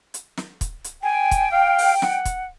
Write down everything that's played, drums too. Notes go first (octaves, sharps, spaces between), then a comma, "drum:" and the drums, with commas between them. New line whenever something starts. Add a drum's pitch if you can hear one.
drum: hi-hat
drum: snare
drum: kick, hi-hat
drum: hi-hat
G5 G#5
drum: kick, hi-hat
F5
drum: open hi-hat
F#5, drum: snare
drum: kick, hi-hat